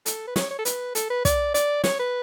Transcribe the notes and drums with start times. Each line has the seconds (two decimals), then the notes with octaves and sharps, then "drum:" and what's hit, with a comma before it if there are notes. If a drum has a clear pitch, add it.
0.06 A4, drum: hi-hat
0.27 B4
0.36 C#5, drum: snare
0.50 C#5
0.59 A4
0.65 B4, drum: hi-hat
0.95 A4, drum: hi-hat
1.10 B4
1.25 D5, drum: kick, hi-hat
1.54 D5, drum: hi-hat
1.84 C#5, drum: snare
1.99 B4